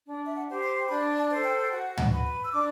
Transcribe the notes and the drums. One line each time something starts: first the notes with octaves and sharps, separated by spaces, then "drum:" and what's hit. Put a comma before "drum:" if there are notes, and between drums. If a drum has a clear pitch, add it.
D4
E5
F#5
G4 C5
C6
D4 B5
A5
A4 C5
G5
G5
F#4 F#5
drum: tom
B4
E6
D4 D6